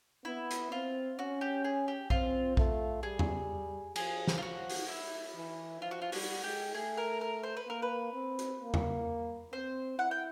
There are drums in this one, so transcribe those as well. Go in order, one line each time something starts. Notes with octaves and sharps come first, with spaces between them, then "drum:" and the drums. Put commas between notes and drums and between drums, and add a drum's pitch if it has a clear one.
B3 E4
drum: hi-hat
C4 F4
C#4 F#4
G4
G#4
G4
C4 F4, drum: kick A#1
A3, drum: kick A#1
G3 G#4
drum: tom E2
F3 G#4, drum: cymbal
drum: snare
F4
F3 F#4
drum: open hi-hat
E4
E3
F3 F4
F#4
F4
G3 F#4, drum: open hi-hat
G#3 G4
A3 G#4
A#4
A#4
C5
B4
A#3 A#4
B4
C4
drum: hi-hat
A#3
drum: tom E2
C4 C5
E4 F#5
G5